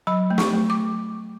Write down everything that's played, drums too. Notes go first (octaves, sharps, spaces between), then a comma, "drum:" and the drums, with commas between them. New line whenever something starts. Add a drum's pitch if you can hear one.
F#3 B5
A3
C#6, drum: snare
A3
D6